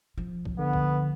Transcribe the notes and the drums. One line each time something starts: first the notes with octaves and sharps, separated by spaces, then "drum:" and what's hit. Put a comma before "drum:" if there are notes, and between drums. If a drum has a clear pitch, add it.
F3
drum: kick B1
D3 B3
drum: kick B1